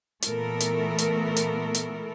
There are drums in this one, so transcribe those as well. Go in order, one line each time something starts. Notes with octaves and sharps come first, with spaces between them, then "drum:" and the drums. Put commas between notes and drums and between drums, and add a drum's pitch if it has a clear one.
A#2 E3 A3 B3 A4 A#4, drum: hi-hat
drum: hi-hat
drum: hi-hat
drum: hi-hat
drum: hi-hat